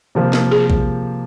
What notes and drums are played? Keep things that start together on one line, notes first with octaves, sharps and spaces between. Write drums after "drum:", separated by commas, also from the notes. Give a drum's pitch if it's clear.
C3 F3 A#3
drum: snare
G#4
drum: kick A#1